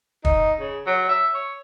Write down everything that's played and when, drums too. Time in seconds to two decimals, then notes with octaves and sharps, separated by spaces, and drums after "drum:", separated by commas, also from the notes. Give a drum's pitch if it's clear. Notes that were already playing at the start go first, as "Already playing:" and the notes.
0.25 D#4, drum: kick
0.60 C#3
0.86 F#3
1.09 E5
1.34 C#5